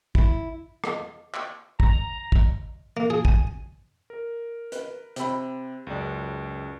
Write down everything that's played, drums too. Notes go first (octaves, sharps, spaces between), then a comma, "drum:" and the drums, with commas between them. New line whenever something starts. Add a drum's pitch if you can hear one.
E4, drum: kick
drum: rim click
drum: clap
A#5, drum: kick
drum: kick
A#3
G#4
G#5, drum: kick
A#4
B4, drum: hi-hat
C3 C4 B5, drum: hi-hat
C#2 F#2 D5